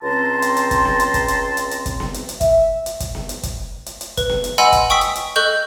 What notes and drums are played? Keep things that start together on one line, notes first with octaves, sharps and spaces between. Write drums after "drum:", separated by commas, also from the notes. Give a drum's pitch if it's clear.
C#2 C4 A5 A#5 C6
drum: hi-hat
drum: hi-hat
drum: kick, hi-hat
drum: snare B3
drum: hi-hat
drum: kick, hi-hat
drum: hi-hat
drum: hi-hat
drum: hi-hat
drum: kick, hi-hat
drum: snare B3
drum: hi-hat
drum: hi-hat
E5, drum: kick, hi-hat
drum: hi-hat
drum: kick, hi-hat
drum: snare B3
drum: hi-hat
drum: kick, hi-hat
drum: hi-hat
drum: hi-hat
B4, drum: kick, hi-hat
drum: snare B3
drum: hi-hat
D#5 F#5 G#5 B5 C6 E6, drum: hi-hat
drum: kick, hi-hat
G5 C#6 D#6 E6 B6
drum: hi-hat
drum: hi-hat
A4 D#5 C#6 F#6 G6